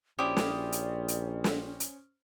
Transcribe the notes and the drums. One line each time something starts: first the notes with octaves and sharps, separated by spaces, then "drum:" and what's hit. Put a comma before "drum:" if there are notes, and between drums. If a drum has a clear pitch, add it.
A#1 C#4 E4 G4 C5 D5 D#6
drum: snare
drum: hi-hat
drum: hi-hat
drum: snare
drum: hi-hat